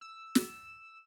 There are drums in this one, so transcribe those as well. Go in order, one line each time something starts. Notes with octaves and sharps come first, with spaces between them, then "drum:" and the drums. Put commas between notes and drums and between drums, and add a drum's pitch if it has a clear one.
E6
drum: snare